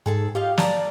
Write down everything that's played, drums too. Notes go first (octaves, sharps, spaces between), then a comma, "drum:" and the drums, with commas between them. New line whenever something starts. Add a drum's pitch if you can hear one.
G#2 G#4 A4 A5
F4 G4 D#5 F5
D5 A5 A#5, drum: snare